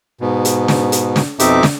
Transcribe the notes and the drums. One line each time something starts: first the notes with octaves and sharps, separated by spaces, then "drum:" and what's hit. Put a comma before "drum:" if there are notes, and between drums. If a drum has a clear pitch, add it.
G#2 B2
drum: hi-hat
drum: snare
drum: hi-hat
drum: snare
F2 B2 C4 D#4 E5 D6, drum: hi-hat
drum: snare